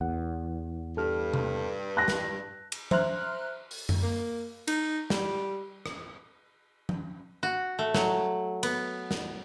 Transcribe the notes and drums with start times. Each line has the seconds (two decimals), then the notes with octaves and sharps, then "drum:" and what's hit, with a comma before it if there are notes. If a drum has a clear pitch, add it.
0.01 E2 F#5
0.97 G2 A4 F6
1.34 drum: tom C3
1.97 A5 F#6 A#6
2.08 drum: snare
2.72 drum: cymbal
2.91 C5 E5 A#5 C6 F6 F#6, drum: tom F3
3.71 drum: open hi-hat
3.89 drum: tom F#2
4.03 A#3
4.67 D#4, drum: cymbal
5.10 G3, drum: snare
5.86 drum: rim click
6.89 drum: tom F3
7.43 F#4
7.79 A3
7.94 F#3, drum: snare
8.63 B3, drum: cymbal
9.11 drum: snare